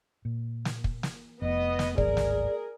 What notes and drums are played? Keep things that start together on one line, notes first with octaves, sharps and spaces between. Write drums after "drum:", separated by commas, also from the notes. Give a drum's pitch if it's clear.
A#2
drum: snare
drum: kick
drum: snare
F1 B3 D#5
drum: snare
D1 G#1 G#4 A#4 D5, drum: kick
drum: snare